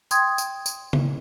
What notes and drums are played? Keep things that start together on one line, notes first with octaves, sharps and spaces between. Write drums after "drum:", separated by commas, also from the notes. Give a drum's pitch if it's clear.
G5 C6 D#6 G#6, drum: tambourine
drum: tambourine
drum: tambourine
drum: tom C#3